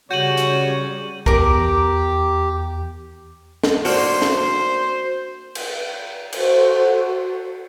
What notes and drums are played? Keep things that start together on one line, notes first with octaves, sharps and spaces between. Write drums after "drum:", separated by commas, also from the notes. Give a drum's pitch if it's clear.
C#3 G3 F#4 C#5 G6 D#7 F#7
drum: hi-hat
E2 G4 A#4 D6, drum: kick C2
drum: snare
A#3 D4 F#4 C5, drum: open hi-hat
drum: snare
drum: cymbal
F#4 A4 C5, drum: cymbal